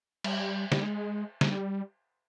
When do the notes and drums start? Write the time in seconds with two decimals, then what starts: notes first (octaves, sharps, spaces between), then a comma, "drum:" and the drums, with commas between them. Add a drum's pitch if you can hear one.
0.24 G3, drum: cymbal
0.72 G3, drum: snare
0.83 G#3
1.41 G3, drum: snare